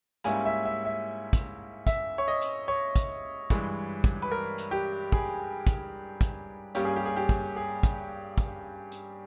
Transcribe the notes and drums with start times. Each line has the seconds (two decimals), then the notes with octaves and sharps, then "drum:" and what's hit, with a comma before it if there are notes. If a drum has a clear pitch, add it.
0.24 G#2 G3 A#3 C#4 E4 G#5, drum: hi-hat
0.45 E5
0.65 E5
0.85 E5
1.33 drum: kick, hi-hat
1.87 E5, drum: kick, hi-hat
2.18 C#5
2.28 D#5
2.41 drum: hi-hat
2.68 C#5
2.96 drum: kick, hi-hat
3.50 G2 E3 G#3, drum: kick, hi-hat
4.04 drum: kick, hi-hat
4.22 B4
4.32 A#4
4.58 drum: hi-hat
4.71 G4
5.12 G#4, drum: kick
5.67 drum: kick, hi-hat
6.21 drum: kick, hi-hat
6.75 G2 G3 A#3 C#4 G4, drum: hi-hat
6.85 G#4
6.96 G4
7.05 G#4
7.16 G4
7.29 drum: kick, hi-hat
7.56 G#4
7.83 drum: kick, hi-hat
8.38 drum: kick, hi-hat
8.92 drum: hi-hat